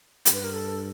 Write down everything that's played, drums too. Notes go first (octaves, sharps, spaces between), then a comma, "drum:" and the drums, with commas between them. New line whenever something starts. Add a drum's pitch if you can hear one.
G2, drum: hi-hat
B4
A#4
A4